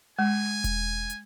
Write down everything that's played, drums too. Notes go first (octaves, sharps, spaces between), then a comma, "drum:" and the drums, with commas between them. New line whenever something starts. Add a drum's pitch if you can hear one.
G#3 G#5
drum: kick E1, hi-hat
drum: hi-hat